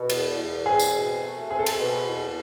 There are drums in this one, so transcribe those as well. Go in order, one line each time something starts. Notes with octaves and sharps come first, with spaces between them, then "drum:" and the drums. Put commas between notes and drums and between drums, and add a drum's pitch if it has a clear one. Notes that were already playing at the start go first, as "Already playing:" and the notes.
Already playing: B2
E2, drum: cymbal
E2
C4 G#4
drum: tambourine
B2
A3
C4 G#4
A4
G#4, drum: cymbal
B2
E2